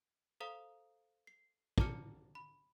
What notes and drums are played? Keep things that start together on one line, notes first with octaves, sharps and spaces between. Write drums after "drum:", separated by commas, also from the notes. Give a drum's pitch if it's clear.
A4 C5 F5 A#5 D#6
C7
D5 A5 A#5 D6 F6 C#7, drum: kick
B5